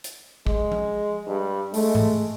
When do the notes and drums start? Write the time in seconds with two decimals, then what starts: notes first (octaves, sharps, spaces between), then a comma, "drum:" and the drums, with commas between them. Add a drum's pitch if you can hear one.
0.04 drum: hi-hat
0.47 G#3, drum: kick
0.72 drum: tom F3
1.28 G2
1.74 G#3 A3, drum: open hi-hat
1.95 drum: tom G#2